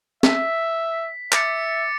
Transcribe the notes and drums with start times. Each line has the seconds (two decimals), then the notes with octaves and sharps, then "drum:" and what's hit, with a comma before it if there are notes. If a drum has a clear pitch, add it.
0.23 E5 B6, drum: snare C4
1.32 E5 D6 A6 C#7, drum: clap